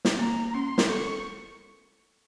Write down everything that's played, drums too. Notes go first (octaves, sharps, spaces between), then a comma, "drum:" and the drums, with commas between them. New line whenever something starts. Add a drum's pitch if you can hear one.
drum: snare
A#3 A#5
C#4 C6
A#4, drum: snare
A4 C#6